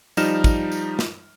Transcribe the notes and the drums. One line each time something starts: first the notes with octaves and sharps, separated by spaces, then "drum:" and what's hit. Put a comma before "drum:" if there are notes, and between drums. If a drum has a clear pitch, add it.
F3 G3 D#4 A#5 F6 E7, drum: tambourine
drum: kick, tambourine
drum: tambourine
drum: snare